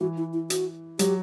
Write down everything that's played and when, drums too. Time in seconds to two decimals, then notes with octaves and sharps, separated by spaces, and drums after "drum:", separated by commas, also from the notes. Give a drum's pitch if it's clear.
0.01 E3 F#4
0.17 E4
0.33 E4
0.50 F#4, drum: hi-hat
0.99 F#3 G4, drum: hi-hat